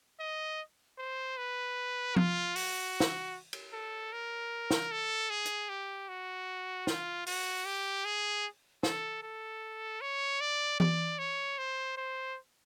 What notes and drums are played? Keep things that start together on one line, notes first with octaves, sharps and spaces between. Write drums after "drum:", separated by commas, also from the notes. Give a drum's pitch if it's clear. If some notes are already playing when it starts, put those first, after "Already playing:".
D#5
C5
B4
F4, drum: tom F3
F#4, drum: open hi-hat
drum: snare
drum: cymbal
A4
A#4
drum: snare
A4
G#4
drum: hi-hat
G4
F#4
F4, drum: snare
F#4, drum: open hi-hat
G4
G#4
A4, drum: snare
A4
C#5
D5
D5, drum: tom E3
C#5
C5
C5